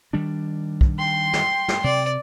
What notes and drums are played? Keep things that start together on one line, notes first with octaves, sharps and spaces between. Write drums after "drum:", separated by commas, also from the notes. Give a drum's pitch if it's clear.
D#3 G3 D4
drum: kick
G5 C6
drum: snare
drum: snare
C3 D5